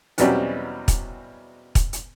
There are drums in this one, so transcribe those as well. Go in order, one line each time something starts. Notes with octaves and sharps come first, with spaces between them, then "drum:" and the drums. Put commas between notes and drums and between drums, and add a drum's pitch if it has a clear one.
E2 B2 F#3 G3 C4 C#4, drum: hi-hat
drum: kick, hi-hat
drum: kick, hi-hat
drum: hi-hat